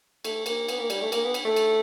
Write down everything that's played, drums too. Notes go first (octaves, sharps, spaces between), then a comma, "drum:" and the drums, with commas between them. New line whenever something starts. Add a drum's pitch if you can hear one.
A3, drum: cymbal
A#3, drum: cymbal
B3, drum: cymbal
A#3
G3, drum: cymbal
A3
A#3, drum: cymbal
B3
drum: cymbal
A3
drum: cymbal